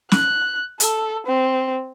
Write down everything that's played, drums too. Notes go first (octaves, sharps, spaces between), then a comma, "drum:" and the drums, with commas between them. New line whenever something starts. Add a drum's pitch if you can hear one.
F#6, drum: snare
A4, drum: hi-hat
C4